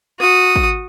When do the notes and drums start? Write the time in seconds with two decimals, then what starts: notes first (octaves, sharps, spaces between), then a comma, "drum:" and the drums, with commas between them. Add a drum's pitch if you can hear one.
0.20 F#4 D#6, drum: rim click
0.56 drum: kick